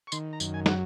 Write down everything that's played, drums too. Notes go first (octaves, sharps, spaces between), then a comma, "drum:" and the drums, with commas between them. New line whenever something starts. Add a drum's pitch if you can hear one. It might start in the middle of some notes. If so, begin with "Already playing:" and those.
C#6
D#3 C6, drum: tambourine
A#5
F#2, drum: tambourine
G#5
F#3 F#5, drum: snare